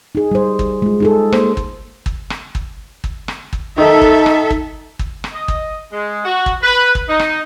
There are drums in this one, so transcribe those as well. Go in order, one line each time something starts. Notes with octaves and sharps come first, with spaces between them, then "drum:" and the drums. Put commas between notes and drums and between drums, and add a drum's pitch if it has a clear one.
D#4 G#4
G3 C5
drum: kick
G#3 F4
D#4 G#4 A4
A#3 C5, drum: rim click
drum: kick
drum: kick
drum: rim click
drum: kick
drum: kick
drum: rim click
drum: kick
D#3 D#4 A4 E5
drum: kick
drum: rim click
drum: kick
drum: kick
drum: rim click
D#5
drum: kick
G#3
F#4
drum: kick
B4
drum: kick
D#4
drum: rim click